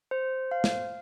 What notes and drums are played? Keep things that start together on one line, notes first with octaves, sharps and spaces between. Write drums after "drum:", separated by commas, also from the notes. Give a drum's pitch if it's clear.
C5
F5
drum: snare